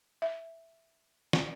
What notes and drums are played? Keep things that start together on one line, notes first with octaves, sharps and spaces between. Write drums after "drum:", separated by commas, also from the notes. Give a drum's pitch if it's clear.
E5
drum: snare